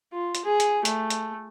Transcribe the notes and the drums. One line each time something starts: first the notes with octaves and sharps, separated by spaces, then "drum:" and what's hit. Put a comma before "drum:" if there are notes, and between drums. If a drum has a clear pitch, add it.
F4
drum: hi-hat
G#4
drum: hi-hat
A3, drum: hi-hat
drum: hi-hat